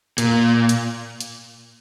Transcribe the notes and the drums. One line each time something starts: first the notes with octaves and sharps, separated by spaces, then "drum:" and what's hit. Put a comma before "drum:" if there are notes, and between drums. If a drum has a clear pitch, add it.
A#2, drum: hi-hat
drum: hi-hat
drum: hi-hat